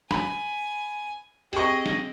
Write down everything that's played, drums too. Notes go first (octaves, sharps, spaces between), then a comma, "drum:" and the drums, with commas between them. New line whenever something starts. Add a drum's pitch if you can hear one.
G#5 B5, drum: snare
C4 G4 G#4 D#5 C#6, drum: hi-hat
drum: snare